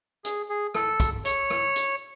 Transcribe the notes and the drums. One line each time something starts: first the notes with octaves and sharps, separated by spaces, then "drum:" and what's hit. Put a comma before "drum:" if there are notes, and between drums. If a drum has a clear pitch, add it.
G#4, drum: hi-hat
G#4
A4, drum: rim click
drum: kick, hi-hat
C#5, drum: hi-hat
drum: rim click
drum: hi-hat